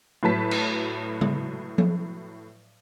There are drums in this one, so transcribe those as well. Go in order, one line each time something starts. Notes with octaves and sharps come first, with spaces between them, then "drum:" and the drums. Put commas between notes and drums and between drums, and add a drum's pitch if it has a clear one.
A2 F#3 B4 A5 B6
drum: cymbal
drum: tom C#3
drum: tom F3